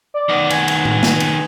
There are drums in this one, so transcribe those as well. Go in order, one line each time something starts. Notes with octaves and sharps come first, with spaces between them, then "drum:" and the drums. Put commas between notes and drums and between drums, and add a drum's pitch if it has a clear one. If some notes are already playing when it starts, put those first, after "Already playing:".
D5
D#3 B3
G#5, drum: cymbal
drum: cymbal
drum: tom A2
drum: snare
drum: cymbal